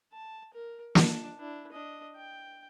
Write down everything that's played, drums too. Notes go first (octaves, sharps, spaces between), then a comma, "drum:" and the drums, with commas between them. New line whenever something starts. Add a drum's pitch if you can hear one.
A5
A#4
D4 A5, drum: snare
D4 E4
D4 D#5
G5